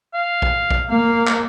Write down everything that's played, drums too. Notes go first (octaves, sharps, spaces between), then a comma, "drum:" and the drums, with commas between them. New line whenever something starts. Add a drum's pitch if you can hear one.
F5
drum: kick B1
drum: kick B1
A#3 F5
drum: clap